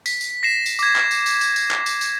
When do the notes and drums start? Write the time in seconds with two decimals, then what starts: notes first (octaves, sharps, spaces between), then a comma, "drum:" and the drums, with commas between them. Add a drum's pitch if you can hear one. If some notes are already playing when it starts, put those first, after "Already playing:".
0.06 B6, drum: tambourine
0.21 drum: tambourine
0.43 A#6 C7 E7
0.66 drum: tambourine
0.79 D6 G#6, drum: tambourine
0.96 drum: clap
1.11 drum: tambourine
1.26 drum: tambourine
1.41 drum: tambourine
1.56 drum: tambourine
1.71 drum: clap
1.86 drum: tambourine
2.01 drum: tambourine